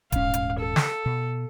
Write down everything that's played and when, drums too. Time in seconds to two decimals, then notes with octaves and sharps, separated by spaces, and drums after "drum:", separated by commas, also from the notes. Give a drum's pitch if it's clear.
0.12 D#1 G#2 C#4 F5, drum: kick D#1, hi-hat
0.34 drum: hi-hat
0.59 A4
0.76 drum: snare
1.06 B2